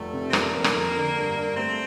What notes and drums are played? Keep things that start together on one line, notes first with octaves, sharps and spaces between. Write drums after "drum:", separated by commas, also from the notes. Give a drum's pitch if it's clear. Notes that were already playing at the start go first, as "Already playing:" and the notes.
Already playing: F1 A3
C3
C4
F1 A#3, drum: rim click
F2
drum: rim click
F2
D3
G2
G2
A3 C4